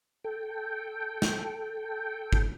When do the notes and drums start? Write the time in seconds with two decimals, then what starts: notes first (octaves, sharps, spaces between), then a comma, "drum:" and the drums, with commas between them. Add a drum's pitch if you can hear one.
0.24 A4 G5
1.22 drum: snare
2.33 drum: kick